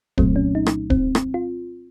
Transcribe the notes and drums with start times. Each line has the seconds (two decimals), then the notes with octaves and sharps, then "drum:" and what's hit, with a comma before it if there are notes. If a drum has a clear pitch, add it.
0.18 C2 A#2 F#3 A3 C4, drum: kick D1
0.36 C#4
0.55 D#4
0.66 drum: rim click
0.90 C4, drum: kick D1
1.15 drum: rim click
1.34 F4